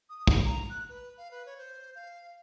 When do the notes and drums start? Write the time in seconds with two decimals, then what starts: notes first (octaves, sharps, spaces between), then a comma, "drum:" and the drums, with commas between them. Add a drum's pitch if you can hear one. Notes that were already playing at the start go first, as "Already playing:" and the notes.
0.10 D#6
0.27 drum: kick
0.44 A#5
0.70 F#6
0.89 B4
1.18 F5
1.31 B4
1.46 C#5
1.58 C5
1.95 F5